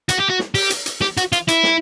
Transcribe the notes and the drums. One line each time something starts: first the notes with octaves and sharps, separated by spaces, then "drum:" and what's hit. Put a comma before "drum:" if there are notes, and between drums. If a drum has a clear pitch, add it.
F#4, drum: hi-hat
G4
F#4
drum: snare
G4, drum: open hi-hat
drum: hi-hat
drum: hi-hat
G4, drum: snare
F#4, drum: hi-hat
F4, drum: hi-hat
E4, drum: hi-hat
drum: snare